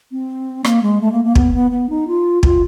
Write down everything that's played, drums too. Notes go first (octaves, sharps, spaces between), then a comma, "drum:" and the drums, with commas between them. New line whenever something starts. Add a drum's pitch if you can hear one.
C4
A#3, drum: rim click
G#3
A3
A#3
A#3
B3, drum: kick
B3
B3
D#4
F4
F4, drum: kick